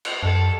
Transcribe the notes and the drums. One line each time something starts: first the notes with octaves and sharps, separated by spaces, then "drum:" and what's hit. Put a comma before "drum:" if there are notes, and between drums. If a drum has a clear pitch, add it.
drum: cymbal
F#2 A4